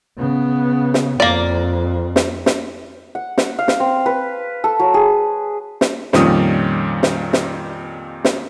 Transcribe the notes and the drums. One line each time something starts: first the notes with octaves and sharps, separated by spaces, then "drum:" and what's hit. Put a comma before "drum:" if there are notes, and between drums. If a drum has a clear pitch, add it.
C#3 B3
drum: snare
F2 A#3 D5
drum: snare
drum: snare
F#5
drum: snare
F5
drum: snare
C4
B4
A4
F#3
G#4
drum: snare
F2 A#2 D#3 G3 C#4 D#6, drum: snare
drum: snare
drum: snare
drum: snare